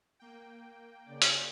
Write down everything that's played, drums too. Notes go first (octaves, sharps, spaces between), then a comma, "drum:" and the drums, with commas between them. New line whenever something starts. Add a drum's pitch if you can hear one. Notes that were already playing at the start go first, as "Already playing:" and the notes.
A#3 G5
C#3 D5
drum: hi-hat